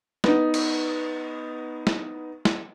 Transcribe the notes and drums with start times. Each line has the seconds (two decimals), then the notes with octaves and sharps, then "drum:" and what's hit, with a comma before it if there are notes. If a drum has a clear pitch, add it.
0.24 B3 D#4, drum: snare
0.54 drum: cymbal
1.87 drum: snare
2.45 drum: snare